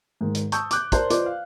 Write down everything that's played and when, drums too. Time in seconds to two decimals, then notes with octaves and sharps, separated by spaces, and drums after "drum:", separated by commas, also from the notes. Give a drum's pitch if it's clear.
0.21 G#2 D#3
0.35 drum: hi-hat
0.52 A5 C#6 D#6 E6 G6, drum: hi-hat
0.71 D6 F#6 G6, drum: hi-hat
0.92 A#4 C5 D5 A5 C6, drum: kick, hi-hat
1.10 F4 B4 C5 D5 D#5 D6, drum: hi-hat
1.26 F5